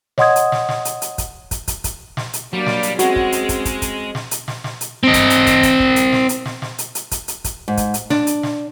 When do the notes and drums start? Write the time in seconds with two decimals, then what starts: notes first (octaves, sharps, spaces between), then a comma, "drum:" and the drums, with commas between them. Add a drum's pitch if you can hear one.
0.18 C#5 D#5 F#5 C6 D#6 G#6, drum: snare
0.36 drum: hi-hat
0.52 drum: snare
0.69 drum: snare
0.85 drum: hi-hat
1.02 drum: hi-hat
1.18 drum: kick, hi-hat
1.51 drum: kick, hi-hat
1.68 drum: kick, hi-hat
1.84 drum: kick, hi-hat
2.17 drum: snare
2.33 drum: hi-hat
2.53 F#3 G3 A#3 D4 D5
2.66 drum: snare
2.83 drum: hi-hat
2.99 G#3 C4 C#4 F#4 G#4, drum: hi-hat
3.16 drum: kick
3.32 drum: hi-hat
3.49 drum: kick, hi-hat
3.65 drum: kick, hi-hat
3.82 drum: kick, hi-hat
4.15 drum: snare
4.31 drum: hi-hat
4.48 drum: snare
4.64 drum: snare
4.81 drum: hi-hat
5.03 C4 D#5
5.14 drum: kick, hi-hat
5.30 drum: hi-hat
5.47 drum: kick, hi-hat
5.63 drum: kick, hi-hat
5.80 drum: kick
5.96 drum: hi-hat
6.13 drum: snare
6.29 drum: hi-hat
6.46 drum: snare
6.62 drum: snare
6.78 drum: hi-hat
6.95 drum: hi-hat
7.11 drum: kick, hi-hat
7.28 drum: hi-hat
7.44 drum: kick, hi-hat
7.68 G#2
7.77 drum: kick, hi-hat
7.94 drum: hi-hat
8.10 D4, drum: snare
8.27 drum: hi-hat
8.43 drum: snare